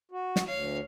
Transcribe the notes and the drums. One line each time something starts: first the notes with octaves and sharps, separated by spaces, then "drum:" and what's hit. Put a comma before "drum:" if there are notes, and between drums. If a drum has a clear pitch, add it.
F#4
drum: snare
D2 C#5 F5